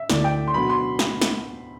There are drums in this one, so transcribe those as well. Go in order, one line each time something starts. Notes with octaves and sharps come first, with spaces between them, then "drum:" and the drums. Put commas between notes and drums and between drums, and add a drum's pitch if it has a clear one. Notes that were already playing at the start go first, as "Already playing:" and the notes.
Already playing: E5
D2 D3 A3 E4 D5, drum: snare
G5
C6
B2 F#3 B3 D4 F#4 B5
C6
drum: snare
drum: snare